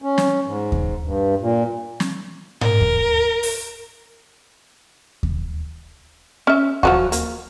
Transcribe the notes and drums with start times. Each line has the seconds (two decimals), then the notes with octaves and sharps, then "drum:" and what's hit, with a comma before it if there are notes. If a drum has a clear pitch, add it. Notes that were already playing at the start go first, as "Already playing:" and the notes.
0.02 C#4
0.18 drum: snare
0.46 G#2
0.72 drum: kick D#2
1.04 G2
1.41 A#2
2.00 drum: snare
2.61 A#4, drum: tom G#2
2.81 drum: kick D#2
3.43 drum: open hi-hat
5.23 drum: kick D#2
6.47 C#4 E5
6.83 F3 F#3 F#4, drum: kick D#2
7.12 A#3, drum: hi-hat